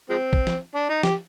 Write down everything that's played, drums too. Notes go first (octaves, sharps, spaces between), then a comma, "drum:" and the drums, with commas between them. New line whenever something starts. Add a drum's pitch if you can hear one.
F3 G#3 C4
drum: kick
drum: snare
D4
D#4
G4, drum: snare